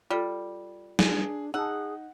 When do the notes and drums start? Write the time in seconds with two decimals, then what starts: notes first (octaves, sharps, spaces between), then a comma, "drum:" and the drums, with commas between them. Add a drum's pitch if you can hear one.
0.10 G3 F4 A4
0.99 D4 G#4, drum: snare
1.54 D#4 G#4 F#5 A5 E6